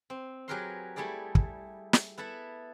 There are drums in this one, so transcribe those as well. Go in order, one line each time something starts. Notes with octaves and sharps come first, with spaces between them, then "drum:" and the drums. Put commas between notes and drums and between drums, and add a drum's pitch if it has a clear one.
C4
F#3 G4 G#4 A#4 B4 C6
G3 A3 E4 G#4 D5
drum: kick
drum: snare
B3 E4 A4 E5